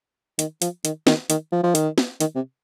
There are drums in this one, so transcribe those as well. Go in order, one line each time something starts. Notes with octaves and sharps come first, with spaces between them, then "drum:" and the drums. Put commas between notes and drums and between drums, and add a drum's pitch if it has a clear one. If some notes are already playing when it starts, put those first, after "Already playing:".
D#3, drum: hi-hat
F3, drum: hi-hat
D#3, drum: hi-hat
D#3, drum: snare
D#3, drum: hi-hat
F3
F3
D#3, drum: hi-hat
drum: snare
D#3, drum: hi-hat
C3